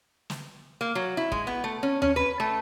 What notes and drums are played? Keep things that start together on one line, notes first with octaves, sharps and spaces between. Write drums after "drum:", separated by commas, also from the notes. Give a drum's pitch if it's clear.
drum: snare
A#3
F#3
E4
G#3, drum: kick
B3
A3
C#4
C#4, drum: tom D#2
B4
A3